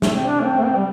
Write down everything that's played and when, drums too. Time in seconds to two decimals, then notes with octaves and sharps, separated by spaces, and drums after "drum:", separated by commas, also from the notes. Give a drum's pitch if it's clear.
0.02 A3, drum: snare
0.13 C4
0.25 D4
0.40 A3
0.44 C4
0.58 A3
0.64 C4
0.76 G3